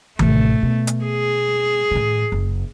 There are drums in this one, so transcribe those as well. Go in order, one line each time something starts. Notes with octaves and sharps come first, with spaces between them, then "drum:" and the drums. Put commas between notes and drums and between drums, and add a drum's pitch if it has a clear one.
A1 C3 A3, drum: tom D#3
B2
drum: hi-hat
G#4
A2 D#3
F#1